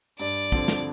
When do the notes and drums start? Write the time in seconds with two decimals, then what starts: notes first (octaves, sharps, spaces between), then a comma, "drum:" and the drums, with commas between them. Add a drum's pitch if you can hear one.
0.19 G2 D5, drum: tambourine
0.52 D3 F3 C4, drum: kick
0.68 drum: snare